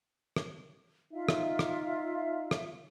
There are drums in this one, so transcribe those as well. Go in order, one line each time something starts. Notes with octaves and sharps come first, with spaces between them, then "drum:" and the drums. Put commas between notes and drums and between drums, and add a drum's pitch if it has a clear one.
drum: rim click
D#4 F4 E5 F5
drum: rim click
drum: rim click
drum: rim click